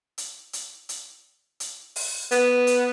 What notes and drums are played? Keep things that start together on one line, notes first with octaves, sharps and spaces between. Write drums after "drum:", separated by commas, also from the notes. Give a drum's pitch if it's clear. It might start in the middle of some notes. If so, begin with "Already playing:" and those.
drum: hi-hat
drum: hi-hat
drum: hi-hat
drum: hi-hat
drum: open hi-hat
B3, drum: hi-hat
drum: hi-hat